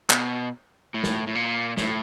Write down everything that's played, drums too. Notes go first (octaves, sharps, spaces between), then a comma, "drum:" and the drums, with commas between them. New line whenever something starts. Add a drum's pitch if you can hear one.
B2, drum: clap
A2
drum: snare
A2
A#2
A2, drum: snare